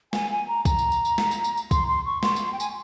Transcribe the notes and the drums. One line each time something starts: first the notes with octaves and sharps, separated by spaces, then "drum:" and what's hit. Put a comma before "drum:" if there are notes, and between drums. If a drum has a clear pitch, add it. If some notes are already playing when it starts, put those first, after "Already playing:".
G#5, drum: snare
G#5
A#5
A#5, drum: kick, tambourine
drum: tambourine
drum: tambourine
drum: tambourine
drum: snare
drum: tambourine
drum: tambourine
drum: tambourine
C6, drum: kick, tambourine
C6
C#6
C6, drum: snare
drum: tambourine
G5
G#5, drum: tambourine